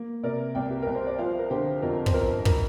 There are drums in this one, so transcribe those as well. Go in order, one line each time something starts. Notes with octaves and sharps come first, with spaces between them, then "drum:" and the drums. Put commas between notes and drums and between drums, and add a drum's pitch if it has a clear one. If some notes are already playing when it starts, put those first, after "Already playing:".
Already playing: A#3
C3 A#4 D5
C2 D5 G5
G4
C2 A#4
C5
D5
F3 C5 F5
A#4
D3 G4 C5
F2 A#4
C5, drum: kick
F2 A#4
G3 A#4, drum: kick